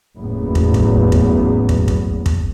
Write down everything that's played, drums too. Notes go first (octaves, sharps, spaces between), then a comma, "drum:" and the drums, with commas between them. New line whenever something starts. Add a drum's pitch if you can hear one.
F#1 E2 A2 F#3 B3
drum: kick
drum: kick
drum: kick
drum: kick
drum: kick
drum: kick